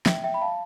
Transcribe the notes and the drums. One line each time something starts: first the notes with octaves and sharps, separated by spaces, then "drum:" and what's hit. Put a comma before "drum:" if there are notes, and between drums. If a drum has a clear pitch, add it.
E5 G5, drum: snare
E5 G5
B5
F5 A5